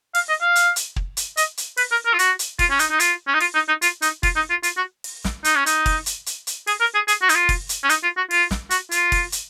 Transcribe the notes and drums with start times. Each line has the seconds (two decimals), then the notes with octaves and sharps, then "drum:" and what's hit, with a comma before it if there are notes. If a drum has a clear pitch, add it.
0.15 F5, drum: open hi-hat
0.29 D#5
0.41 F5
0.56 drum: hi-hat
0.76 drum: hi-hat
0.96 drum: kick
1.17 drum: hi-hat
1.37 D#5, drum: hi-hat
1.57 drum: hi-hat
1.77 B4, drum: open hi-hat
1.91 A#4
2.06 A#4
2.14 F4
2.19 F#4, drum: hi-hat
2.39 drum: hi-hat
2.59 F4, drum: kick, open hi-hat
2.70 C#4
2.79 D#4, drum: hi-hat
2.91 D#4
3.00 F4, drum: hi-hat
3.27 C#4
3.34 D#4
3.40 F4, drum: open hi-hat
3.55 D#4
3.68 D#4
3.82 F4, drum: hi-hat
4.02 D#4, drum: hi-hat
4.23 F4, drum: kick, open hi-hat
4.36 D#4
4.50 F4
4.63 F4, drum: hi-hat
4.77 F#4
5.04 drum: open hi-hat
5.24 drum: snare
5.44 D#4, drum: hi-hat
5.56 C#4
5.66 D#4, drum: hi-hat
5.86 drum: kick, open hi-hat
6.06 drum: hi-hat
6.26 drum: hi-hat
6.47 drum: hi-hat
6.67 G#4, drum: open hi-hat
6.80 A#4
6.95 G#4
7.08 G#4, drum: hi-hat
7.22 F#4
7.29 D#4, drum: hi-hat
7.35 F4
7.49 drum: kick, open hi-hat
7.69 drum: hi-hat
7.84 C#4
7.89 D#4, drum: hi-hat
8.03 F4
8.17 F#4
8.31 F4, drum: open hi-hat
8.51 drum: snare
8.70 F#4, drum: hi-hat
8.91 F4, drum: hi-hat
9.12 drum: kick, open hi-hat
9.32 drum: hi-hat